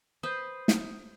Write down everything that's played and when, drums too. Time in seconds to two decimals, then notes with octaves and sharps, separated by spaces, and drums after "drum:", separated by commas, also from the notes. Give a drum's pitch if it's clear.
0.23 B4 C5 D#6 G6
0.68 drum: snare